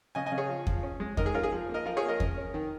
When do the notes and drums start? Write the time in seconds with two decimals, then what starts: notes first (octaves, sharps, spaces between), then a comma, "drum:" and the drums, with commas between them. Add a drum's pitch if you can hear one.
0.15 C#3 D#5 G#5
0.26 D#5 G#5
0.32 C#3
0.38 G#4 C#5
0.49 F3
0.67 F3, drum: kick E2
0.83 C#4
1.00 G#3
1.17 D#3 A#4 D#5, drum: kick E2
1.26 G#4
1.34 C#4 F4 A#4
1.43 G#4
1.52 F3
1.69 A#3
1.74 A#4 D#5
1.86 F3 F4 A#4
1.97 G#4 C#5
2.03 A#3
2.08 A#4 D#5
2.20 C#4, drum: kick E2
2.38 C#4
2.54 D#3